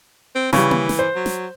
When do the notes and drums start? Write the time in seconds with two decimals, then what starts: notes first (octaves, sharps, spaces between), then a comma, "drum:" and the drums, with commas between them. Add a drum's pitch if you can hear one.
0.35 C4
0.53 C#3 E3 G3, drum: snare
0.71 drum: tom A#3
0.89 drum: snare
0.99 C5
1.15 F#3
1.26 drum: snare